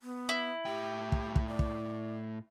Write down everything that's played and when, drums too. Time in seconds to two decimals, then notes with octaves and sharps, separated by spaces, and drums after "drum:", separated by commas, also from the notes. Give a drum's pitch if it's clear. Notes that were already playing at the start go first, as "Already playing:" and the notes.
0.01 B3
0.29 E4
0.65 A2 G4 G5
1.12 drum: kick
1.36 drum: kick
1.47 D5
1.59 drum: kick